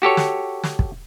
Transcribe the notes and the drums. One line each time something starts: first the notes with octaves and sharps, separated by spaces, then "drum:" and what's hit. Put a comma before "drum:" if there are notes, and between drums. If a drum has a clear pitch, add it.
F#4 G4 A4 C#5
drum: snare
drum: snare
drum: kick